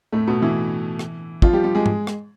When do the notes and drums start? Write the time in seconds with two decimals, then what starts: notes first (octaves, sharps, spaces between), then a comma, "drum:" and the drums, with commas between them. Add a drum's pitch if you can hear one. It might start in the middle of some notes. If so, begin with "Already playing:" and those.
0.12 A2 A3
0.27 B2 B3
0.42 E3 E4
0.99 drum: rim click
1.42 F3 F4, drum: kick
1.53 G3 G4
1.64 G3 G4
1.75 G#3 G#4
1.86 drum: tom G#2
2.07 drum: rim click